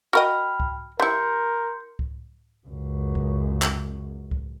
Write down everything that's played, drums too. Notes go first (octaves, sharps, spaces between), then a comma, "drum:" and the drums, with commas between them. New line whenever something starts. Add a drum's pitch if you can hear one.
F#4 A#4 D#5 G5 B5 F6
drum: kick C#2
G3 E4 A#4 C6 G6 C#7
drum: kick C#2
C#2 F#2
drum: kick C#2
drum: clap
drum: kick C#2